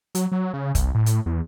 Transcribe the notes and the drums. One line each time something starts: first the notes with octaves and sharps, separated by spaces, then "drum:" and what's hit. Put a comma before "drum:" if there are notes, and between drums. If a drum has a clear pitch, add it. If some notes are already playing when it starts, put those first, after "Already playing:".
F#3, drum: hi-hat
F#3
C#3
C2, drum: kick, hi-hat
A2
drum: hi-hat
E2